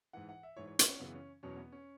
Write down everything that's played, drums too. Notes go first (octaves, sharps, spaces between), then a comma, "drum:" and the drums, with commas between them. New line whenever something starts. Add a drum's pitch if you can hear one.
G#2 E3 F#5
F#5
E5
G#2 E3 C#5
C#5
B4, drum: hi-hat
C#4
F#2 C#3 E3 B3
C#4
E2 B2 F#3 C#4
B3
C#4